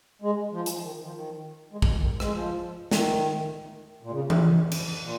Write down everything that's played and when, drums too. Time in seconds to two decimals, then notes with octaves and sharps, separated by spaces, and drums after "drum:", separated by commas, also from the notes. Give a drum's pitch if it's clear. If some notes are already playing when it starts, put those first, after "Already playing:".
0.22 G#3
0.52 F3
0.66 drum: hi-hat
0.82 D#3
1.04 F3
1.12 D#3
1.72 G#3
1.82 G#3, drum: kick
1.87 F3
2.02 D#3
2.20 G#3, drum: rim click
2.31 F3
2.91 D#3, drum: snare
4.03 A#2
4.11 C#3
4.30 A#2, drum: tom E3
4.41 C#3
4.61 F2
4.72 G#2, drum: cymbal
5.01 A#2